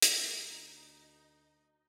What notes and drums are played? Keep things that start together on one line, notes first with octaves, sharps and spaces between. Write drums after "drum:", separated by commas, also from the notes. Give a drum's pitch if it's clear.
drum: hi-hat
D2 D#4